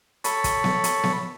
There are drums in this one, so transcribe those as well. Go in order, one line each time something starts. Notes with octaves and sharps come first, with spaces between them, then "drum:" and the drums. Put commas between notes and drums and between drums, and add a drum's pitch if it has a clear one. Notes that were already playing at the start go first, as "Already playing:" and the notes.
A4 C#5 B5, drum: hi-hat
drum: kick, hi-hat
drum: snare B3
drum: hi-hat
drum: snare B3